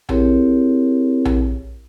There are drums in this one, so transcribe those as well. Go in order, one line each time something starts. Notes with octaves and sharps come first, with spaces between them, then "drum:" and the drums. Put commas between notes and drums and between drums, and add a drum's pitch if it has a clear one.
C4 E4 G4 G#4 A#4 C#5, drum: tom A#1
drum: tom A#1